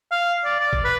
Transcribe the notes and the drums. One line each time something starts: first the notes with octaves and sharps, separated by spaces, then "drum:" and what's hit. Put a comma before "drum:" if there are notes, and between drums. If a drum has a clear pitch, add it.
F5
D5
D5
drum: kick G#1
B4